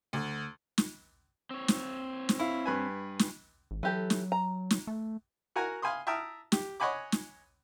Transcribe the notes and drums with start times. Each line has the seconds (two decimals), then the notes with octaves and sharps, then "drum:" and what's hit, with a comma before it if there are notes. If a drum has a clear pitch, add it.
0.13 D2
0.78 drum: snare
1.51 C4 C#5
1.68 drum: snare
2.29 drum: snare
2.39 E4 F5
2.65 G2 B4 G#5
3.19 drum: snare
3.71 G#1
3.83 E3 F#3 G4 A4
4.10 drum: snare
4.32 A#5
4.70 drum: snare
4.87 A3
5.56 F#4 A#4 F#5 G#5 A#5 F#6
5.82 F5 G#5 B5 C6 D#6
6.07 E5 G5 A5 A#5 D#6 F6
6.52 G4, drum: snare
6.80 C#5 D#5 F#5 G#5 B5 D6
7.12 drum: snare